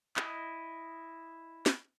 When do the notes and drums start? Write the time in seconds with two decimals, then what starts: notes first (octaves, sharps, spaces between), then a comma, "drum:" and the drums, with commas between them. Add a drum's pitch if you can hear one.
0.16 E4 D#5, drum: clap
1.66 drum: snare